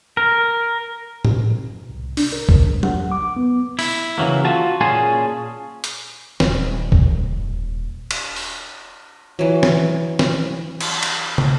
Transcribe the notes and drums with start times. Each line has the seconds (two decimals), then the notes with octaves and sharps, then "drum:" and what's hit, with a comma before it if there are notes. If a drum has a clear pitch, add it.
0.17 A#4
1.25 drum: tom A2
1.90 C2
2.17 D4, drum: open hi-hat
2.32 A#4
2.49 drum: kick
2.83 F#5, drum: tom F#3
3.12 D6
3.36 B3
3.79 E4, drum: open hi-hat
4.18 C#3 E3 F#3 A#3
4.45 F4 F#4 A5
4.81 A#2 C#4 G#4 G#5 A5 C6
5.84 drum: hi-hat
6.40 D#1 C#4, drum: snare
6.92 drum: kick
8.11 drum: cymbal
8.36 drum: open hi-hat
9.39 E3 F#3
9.63 drum: snare
10.19 drum: snare
10.81 drum: cymbal
11.03 drum: cymbal
11.38 drum: tom